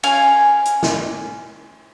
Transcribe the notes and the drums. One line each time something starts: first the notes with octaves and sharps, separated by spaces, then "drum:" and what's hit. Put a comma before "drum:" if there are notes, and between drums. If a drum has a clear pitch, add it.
C#4 F5 G#5, drum: cymbal
drum: hi-hat
drum: snare